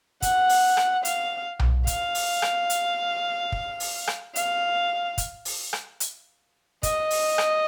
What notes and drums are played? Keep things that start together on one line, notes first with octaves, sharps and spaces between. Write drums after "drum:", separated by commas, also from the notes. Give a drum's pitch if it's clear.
F#5, drum: kick, hi-hat
drum: open hi-hat
drum: rim click
F5, drum: hi-hat
drum: tom B1
F5, drum: kick, hi-hat
drum: open hi-hat
drum: rim click
drum: hi-hat
drum: kick
drum: open hi-hat
drum: rim click
F5, drum: hi-hat
drum: kick, hi-hat
drum: open hi-hat
drum: rim click
drum: hi-hat
D#5, drum: kick, hi-hat
drum: open hi-hat
drum: rim click